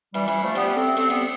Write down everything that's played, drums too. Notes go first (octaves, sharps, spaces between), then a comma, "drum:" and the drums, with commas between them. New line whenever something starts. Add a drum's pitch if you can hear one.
E3 G3, drum: cymbal
E3 G3, drum: cymbal
F3 A3
G3 B3, drum: cymbal
A3 C4
A3 C4, drum: cymbal
G3 B3, drum: cymbal